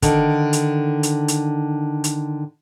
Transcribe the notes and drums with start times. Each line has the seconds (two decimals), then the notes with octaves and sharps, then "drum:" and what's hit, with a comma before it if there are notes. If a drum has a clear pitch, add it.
0.02 D3 D#3, drum: kick, hi-hat
0.53 drum: hi-hat
1.03 drum: hi-hat
1.28 drum: hi-hat
2.04 drum: hi-hat